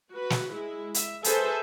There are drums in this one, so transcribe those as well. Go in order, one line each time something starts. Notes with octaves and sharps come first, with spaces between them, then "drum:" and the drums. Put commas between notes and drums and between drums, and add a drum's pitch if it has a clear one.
F#4 B4
drum: snare
G#3 E4
E5, drum: hi-hat
G#4 A4 B4 C5 E5 G#5, drum: hi-hat